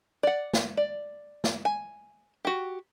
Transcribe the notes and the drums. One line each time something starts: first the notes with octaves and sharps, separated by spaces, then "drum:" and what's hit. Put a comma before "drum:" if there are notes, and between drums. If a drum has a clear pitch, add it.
D5 F#5
drum: snare
D5
drum: snare
G#5
F#4 G4